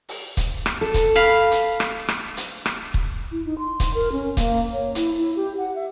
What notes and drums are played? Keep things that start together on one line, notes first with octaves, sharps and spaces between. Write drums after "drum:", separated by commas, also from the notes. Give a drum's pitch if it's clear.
drum: open hi-hat
drum: kick, hi-hat
drum: rim click
A4
drum: kick, hi-hat
F5 B5
drum: hi-hat
drum: rim click
drum: rim click
drum: hi-hat
drum: rim click
drum: kick
E4
D#4
C6
drum: kick, hi-hat
A#4
C#4
A#3, drum: kick, hi-hat
C#5
E4, drum: hi-hat
E4
G4
F#5
E5